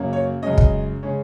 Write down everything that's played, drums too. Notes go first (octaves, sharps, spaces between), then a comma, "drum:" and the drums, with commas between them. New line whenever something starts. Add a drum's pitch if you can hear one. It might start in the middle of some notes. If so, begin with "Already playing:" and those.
Already playing: F#2 C#3 F#3 A#3 C#4
C#5
F#2 C#3 G#3 C#4 D#5
drum: kick
C#3 G#3 C#4